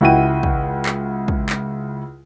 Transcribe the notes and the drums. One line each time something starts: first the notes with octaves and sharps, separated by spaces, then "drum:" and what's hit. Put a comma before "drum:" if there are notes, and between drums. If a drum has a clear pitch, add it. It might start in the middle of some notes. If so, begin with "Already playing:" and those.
C#2 E4 F#4 F#5 G5 D#7
drum: kick
drum: clap
drum: kick
drum: clap